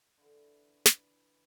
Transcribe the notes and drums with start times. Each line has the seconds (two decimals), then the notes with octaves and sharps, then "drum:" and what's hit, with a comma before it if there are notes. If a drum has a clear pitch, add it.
0.18 D3 E3
0.86 drum: snare